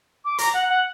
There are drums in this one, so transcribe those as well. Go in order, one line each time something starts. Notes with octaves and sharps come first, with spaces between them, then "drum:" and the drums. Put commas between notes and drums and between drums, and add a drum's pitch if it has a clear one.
D6
A#5, drum: hi-hat
F#5
F#5